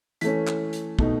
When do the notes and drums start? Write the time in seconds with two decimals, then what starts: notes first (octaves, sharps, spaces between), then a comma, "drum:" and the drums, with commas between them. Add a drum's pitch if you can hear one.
0.21 E3 A3 C#4 B6, drum: hi-hat
0.47 drum: clap
0.73 drum: hi-hat
0.99 B2 A3 D#4, drum: kick